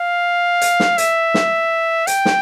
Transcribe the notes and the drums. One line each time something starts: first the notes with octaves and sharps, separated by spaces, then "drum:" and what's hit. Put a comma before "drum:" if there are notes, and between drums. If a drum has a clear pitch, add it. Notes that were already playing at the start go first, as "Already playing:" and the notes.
Already playing: F5
drum: hi-hat
drum: snare
E5, drum: hi-hat
drum: snare
G5, drum: hi-hat
drum: snare